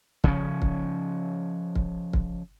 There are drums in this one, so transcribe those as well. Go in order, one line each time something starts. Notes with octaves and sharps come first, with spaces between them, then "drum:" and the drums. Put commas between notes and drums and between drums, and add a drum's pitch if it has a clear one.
C#3 F3 C#4, drum: kick
drum: kick
drum: kick
drum: kick